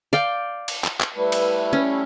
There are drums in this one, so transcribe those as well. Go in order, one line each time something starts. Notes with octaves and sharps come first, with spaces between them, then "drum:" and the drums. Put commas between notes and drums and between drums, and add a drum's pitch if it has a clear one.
D5 F5 G5
drum: cymbal
drum: clap
drum: clap
G3 A3 E4 B4
drum: cymbal
C#4